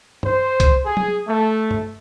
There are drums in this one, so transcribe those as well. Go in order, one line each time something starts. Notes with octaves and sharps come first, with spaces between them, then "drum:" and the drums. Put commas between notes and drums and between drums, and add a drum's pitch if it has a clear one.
C5, drum: tom
drum: kick C2, hi-hat
G#4
drum: tom
A3
drum: tom